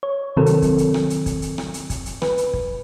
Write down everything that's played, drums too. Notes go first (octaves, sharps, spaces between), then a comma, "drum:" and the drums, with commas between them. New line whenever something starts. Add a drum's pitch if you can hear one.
C#5
C3 D#3 F#3 C4 A4 A#4
drum: hi-hat
drum: kick, hi-hat
drum: hi-hat
drum: rim click
drum: hi-hat
drum: kick, hi-hat
drum: hi-hat
drum: rim click
drum: hi-hat
drum: kick, hi-hat
drum: hi-hat
B4, drum: rim click
drum: hi-hat
drum: kick